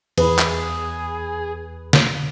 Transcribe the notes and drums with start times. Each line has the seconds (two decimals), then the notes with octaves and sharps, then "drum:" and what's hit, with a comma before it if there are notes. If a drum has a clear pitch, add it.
0.18 E2 G#4 B4 B5, drum: cymbal
0.38 drum: clap
1.93 drum: snare